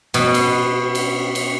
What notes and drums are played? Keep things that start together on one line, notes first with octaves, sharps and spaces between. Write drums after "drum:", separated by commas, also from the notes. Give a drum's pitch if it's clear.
B2, drum: cymbal
drum: cymbal
drum: cymbal
drum: cymbal